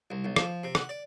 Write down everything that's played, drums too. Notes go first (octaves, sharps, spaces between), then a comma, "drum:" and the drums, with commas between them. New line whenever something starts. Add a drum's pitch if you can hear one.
C2
B1
F3, drum: rim click
C3
F#5, drum: rim click
D5